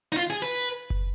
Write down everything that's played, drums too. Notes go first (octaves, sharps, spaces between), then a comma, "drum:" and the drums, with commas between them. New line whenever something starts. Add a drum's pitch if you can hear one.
D#4
F4
G#4
B4
drum: kick F#1